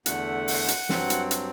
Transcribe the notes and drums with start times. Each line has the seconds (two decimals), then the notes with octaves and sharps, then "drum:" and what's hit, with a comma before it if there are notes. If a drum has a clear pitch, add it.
0.06 E2 D3 A3 F#5, drum: hi-hat
0.48 drum: open hi-hat
0.68 drum: hi-hat
0.89 G2 F#3 C4, drum: snare
1.10 drum: hi-hat
1.31 drum: hi-hat